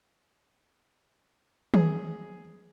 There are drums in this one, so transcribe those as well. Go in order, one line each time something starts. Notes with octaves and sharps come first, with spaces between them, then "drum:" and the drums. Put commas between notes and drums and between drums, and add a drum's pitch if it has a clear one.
G#4, drum: tom D#3